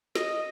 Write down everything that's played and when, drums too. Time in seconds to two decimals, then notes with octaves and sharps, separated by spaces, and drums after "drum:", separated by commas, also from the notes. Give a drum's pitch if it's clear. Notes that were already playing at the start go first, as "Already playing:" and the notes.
0.15 D#5, drum: snare